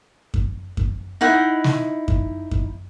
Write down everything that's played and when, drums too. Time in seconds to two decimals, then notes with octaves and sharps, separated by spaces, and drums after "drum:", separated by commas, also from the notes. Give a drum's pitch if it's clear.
0.34 drum: kick F#2
0.77 drum: kick F#2
1.21 D#4 E4 F#5
1.64 drum: snare
2.08 drum: kick F#2
2.51 drum: kick F#2